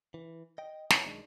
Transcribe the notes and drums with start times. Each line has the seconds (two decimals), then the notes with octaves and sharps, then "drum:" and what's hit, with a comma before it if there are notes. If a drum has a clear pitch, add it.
0.14 E3
0.58 D#5 G5
0.90 B3 E4 C#5, drum: snare
1.05 B1 D#3 G#3 D4